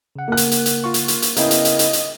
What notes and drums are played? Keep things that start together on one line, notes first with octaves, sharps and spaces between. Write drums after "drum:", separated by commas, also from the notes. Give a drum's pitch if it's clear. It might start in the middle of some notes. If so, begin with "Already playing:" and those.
C#3 F#5
A#3 F#6
drum: hi-hat
drum: hi-hat
drum: hi-hat
F4 A#4 C#6
drum: hi-hat
drum: hi-hat
drum: hi-hat
C#3 B3 E4 A#4 D#5 F5 G5, drum: hi-hat
drum: hi-hat
drum: hi-hat
drum: hi-hat
drum: hi-hat